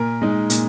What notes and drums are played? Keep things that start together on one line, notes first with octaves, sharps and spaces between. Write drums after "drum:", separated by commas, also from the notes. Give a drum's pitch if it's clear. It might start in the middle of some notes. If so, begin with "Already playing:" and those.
Already playing: A#2 A#4
G#3 D#4
A#2, drum: hi-hat